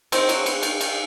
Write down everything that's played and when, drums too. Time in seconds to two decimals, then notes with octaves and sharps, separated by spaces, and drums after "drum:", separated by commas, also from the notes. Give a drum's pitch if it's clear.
0.12 D#3 C4, drum: cymbal
0.29 F#3, drum: cymbal
0.46 B3, drum: cymbal
0.63 D#3, drum: cymbal
0.81 D#3, drum: cymbal